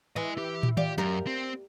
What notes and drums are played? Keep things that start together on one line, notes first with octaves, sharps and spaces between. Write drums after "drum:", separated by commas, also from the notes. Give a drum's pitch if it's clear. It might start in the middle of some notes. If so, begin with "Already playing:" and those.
E3 D#5 G#5
G4
drum: tom
F4 G4 D5, drum: tom D#3
F#2 G4 A#4
C4